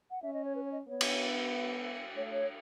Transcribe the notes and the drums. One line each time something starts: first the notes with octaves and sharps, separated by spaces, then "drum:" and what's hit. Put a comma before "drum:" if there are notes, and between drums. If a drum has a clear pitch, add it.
F#5
C#4 E5
D#5
C#5
B4
C#5
D#5
B3 C#5
drum: cymbal
A3 C#5
C#5